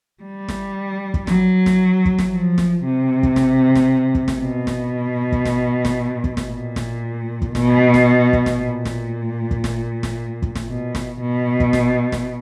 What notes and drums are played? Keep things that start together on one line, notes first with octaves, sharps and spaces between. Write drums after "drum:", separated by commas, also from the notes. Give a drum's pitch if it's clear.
G3
drum: snare
drum: kick
F#3, drum: snare
drum: snare
drum: kick
drum: snare
F3
drum: snare
C3
drum: kick
drum: snare
drum: snare
drum: kick
drum: snare
B2
drum: snare
drum: kick
drum: snare
drum: snare
drum: kick
drum: snare
A#2
drum: snare
drum: kick
B2, drum: snare
drum: snare
drum: kick
drum: snare
A#2
drum: snare
drum: kick
drum: snare
drum: snare
drum: kick
drum: snare
B2
drum: snare
B2
drum: kick
drum: snare
drum: snare